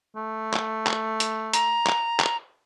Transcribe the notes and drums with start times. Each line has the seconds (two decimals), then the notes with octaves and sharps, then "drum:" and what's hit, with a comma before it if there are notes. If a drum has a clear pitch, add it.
0.16 A3
0.54 drum: clap
0.87 drum: clap
1.20 drum: hi-hat
1.53 A#5, drum: hi-hat
1.87 drum: clap
2.20 drum: clap